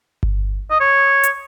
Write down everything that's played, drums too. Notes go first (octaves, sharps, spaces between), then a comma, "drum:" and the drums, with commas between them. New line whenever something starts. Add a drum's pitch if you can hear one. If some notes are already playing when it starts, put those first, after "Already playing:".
drum: kick G1
D#5
C#5
drum: hi-hat